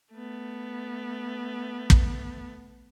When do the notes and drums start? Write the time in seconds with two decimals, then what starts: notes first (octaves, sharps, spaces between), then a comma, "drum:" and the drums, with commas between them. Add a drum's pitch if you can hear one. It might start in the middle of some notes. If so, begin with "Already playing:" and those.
0.13 A3 B3
1.90 drum: kick